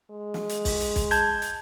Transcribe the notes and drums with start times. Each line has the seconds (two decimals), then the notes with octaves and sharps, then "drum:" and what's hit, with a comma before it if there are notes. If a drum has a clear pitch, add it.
0.11 G#3
0.34 drum: snare
0.49 drum: hi-hat
0.65 drum: kick B1, open hi-hat
0.80 drum: hi-hat
0.96 drum: kick B1, hi-hat
1.11 A5 G6 G#6, drum: hi-hat
1.42 drum: hi-hat